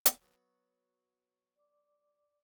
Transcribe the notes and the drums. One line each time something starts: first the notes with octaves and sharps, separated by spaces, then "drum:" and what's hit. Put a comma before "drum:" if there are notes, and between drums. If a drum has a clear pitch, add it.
drum: hi-hat
F#3 B3 F#4
D5 D6